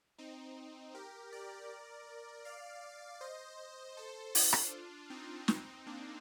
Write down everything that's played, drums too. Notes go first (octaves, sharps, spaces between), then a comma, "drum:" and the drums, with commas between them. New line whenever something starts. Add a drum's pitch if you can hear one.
C4 D#4
G4 A#4
A#4 D5
D5 F5
C5 D#5
A4 C5
D4 F4, drum: open hi-hat
drum: rim click
C4 D#4
C4 D#4, drum: snare
A#3 D4